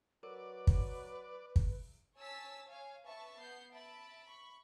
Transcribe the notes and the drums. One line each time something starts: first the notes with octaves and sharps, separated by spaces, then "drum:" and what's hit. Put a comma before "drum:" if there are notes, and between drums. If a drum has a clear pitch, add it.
F#3 A#4 B4 D5
drum: kick
drum: kick
C#5 G#5 A5 E6 A6 B6
C#5 F5 G#5
B4 E5 A5 C#6
B3 F#5 G6 C7
E5 A5 B5 D7
B5 C#6